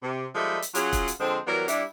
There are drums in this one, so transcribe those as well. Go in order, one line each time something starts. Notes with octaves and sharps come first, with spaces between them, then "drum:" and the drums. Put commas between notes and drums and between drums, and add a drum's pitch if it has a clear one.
C3
F3 G3 G#3 D#4 A4 E5
drum: hi-hat
F#3 C#4 F4 F#4 G#4, drum: hi-hat
drum: kick, hi-hat
drum: hi-hat
D3 F3 G#3 C4
E3 F#3 G3 B3 A#4
G3 D4 E4, drum: hi-hat